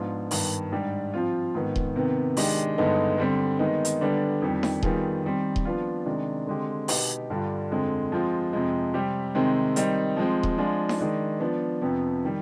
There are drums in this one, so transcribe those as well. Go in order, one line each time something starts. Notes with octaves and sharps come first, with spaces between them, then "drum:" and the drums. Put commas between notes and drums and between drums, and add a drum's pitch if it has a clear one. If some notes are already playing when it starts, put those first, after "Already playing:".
Already playing: G#2 F3 B3 D4 F4
G2 D#3 B3, drum: open hi-hat
G#2 G3 D4 G4
F3 C4 F4
G#2 D#3 B3
drum: kick D#1
C3 D#3 B3
D#3 G#3 D4 G4, drum: open hi-hat
G2 D3 G#3 B3 D#4
D3 G3 C4
D#3 G#3 B3 D#4
drum: hi-hat
D3 G3 B3 D4
F2 D#3 G3
drum: snare D#4
D#3 G3 B3 F4 G#4, drum: kick D#1
D#3 G3 C4
drum: kick D#1
F3 B3 D4 F4
C3 D#3 G#3 D4
D3 G#3 C4 G4
B2 B3 D#4 G4, drum: open hi-hat
G2 D3 G3 D4 F4
F2 D3 G#3 C4
F3 G#3 C4 F4
F2 C3 F3 G#3
C3 G3 C4 G4
C3 D#3 G#3 C4
D#3 G3 C4 D#4, drum: hi-hat
F3 G#3 C4
drum: kick D#1
F3 G#3 D4 F4 G#4
drum: snare D#4
D#3 G#3 D4
F3 B3 D4
F2 C3 F3 B3
D#3 G3